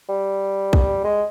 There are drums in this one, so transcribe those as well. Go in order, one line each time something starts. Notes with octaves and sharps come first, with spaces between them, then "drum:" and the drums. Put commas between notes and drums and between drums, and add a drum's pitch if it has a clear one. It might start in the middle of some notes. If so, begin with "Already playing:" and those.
G3
drum: kick A#1
G#3